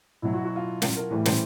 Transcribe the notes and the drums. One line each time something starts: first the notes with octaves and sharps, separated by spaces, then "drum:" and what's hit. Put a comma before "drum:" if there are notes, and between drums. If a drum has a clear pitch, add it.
B2 F#3 E4
F#4
F#4
F4
F4, drum: snare
A#4
A2 E3 G3 B4
C5, drum: snare